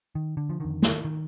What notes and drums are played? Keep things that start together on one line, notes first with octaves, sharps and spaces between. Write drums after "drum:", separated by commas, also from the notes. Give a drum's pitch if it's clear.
D#3
D3
F3
F2 D3 D#3
drum: snare
D#3